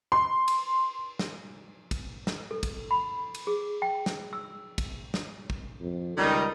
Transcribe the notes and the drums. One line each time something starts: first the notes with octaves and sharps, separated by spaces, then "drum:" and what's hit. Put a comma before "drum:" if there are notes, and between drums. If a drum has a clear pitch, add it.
C6
drum: cymbal
drum: snare
drum: kick, cymbal
drum: snare
A4
drum: kick, cymbal
B5
drum: cymbal
G#4
G5
drum: snare
E6
drum: kick, cymbal
drum: snare
drum: kick
F2
C#2 D#3 G3 D#4